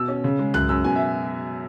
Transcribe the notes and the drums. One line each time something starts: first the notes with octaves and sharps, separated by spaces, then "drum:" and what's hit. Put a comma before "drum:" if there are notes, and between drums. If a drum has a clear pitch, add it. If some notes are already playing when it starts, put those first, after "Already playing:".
Already playing: B2 E6
C#4
C#3
G#3
F#2 F#6, drum: tom C2
F#2 E6
B2 G#5
E5